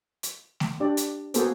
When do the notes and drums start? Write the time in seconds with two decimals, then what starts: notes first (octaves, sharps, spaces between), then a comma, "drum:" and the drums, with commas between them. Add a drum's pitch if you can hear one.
0.23 drum: hi-hat
0.60 drum: snare A3
0.80 D4 G4 D5
0.97 drum: hi-hat
1.34 A#3 B3 F#4 G#4 A4 C5, drum: hi-hat